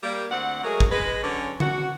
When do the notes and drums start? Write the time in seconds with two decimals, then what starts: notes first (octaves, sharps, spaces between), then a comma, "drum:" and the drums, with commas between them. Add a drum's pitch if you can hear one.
0.04 G3 A#3
0.30 D2 C4 F#5
0.64 F#3 G#3 A3 G#4 A#4
0.80 drum: kick
0.91 G#3 B4
1.23 D3 F#3 C#4
1.60 F#4, drum: tom D3